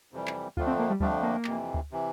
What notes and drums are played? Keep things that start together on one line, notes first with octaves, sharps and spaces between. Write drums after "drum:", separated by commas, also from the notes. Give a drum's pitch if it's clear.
F2 C3 E3 G3
drum: clap
F2 D3 F3 A3 D4 F4, drum: kick D2
C4
A#3
G3
F2 D3 F3 G3 A3 D4, drum: kick D2
A#3
F2 C3 E3, drum: clap
drum: kick D2
C3 E3